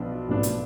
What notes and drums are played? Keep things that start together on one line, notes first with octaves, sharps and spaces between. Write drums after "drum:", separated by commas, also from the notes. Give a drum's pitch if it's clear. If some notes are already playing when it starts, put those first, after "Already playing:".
Already playing: B1 F3 B3 D4
B1 A2 F3 B3 D4
drum: hi-hat